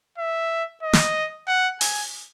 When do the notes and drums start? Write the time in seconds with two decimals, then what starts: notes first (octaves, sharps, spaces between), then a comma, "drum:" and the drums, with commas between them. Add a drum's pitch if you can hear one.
0.18 E5
0.83 D#5
0.93 drum: snare
1.48 F#5
1.81 G#5, drum: open hi-hat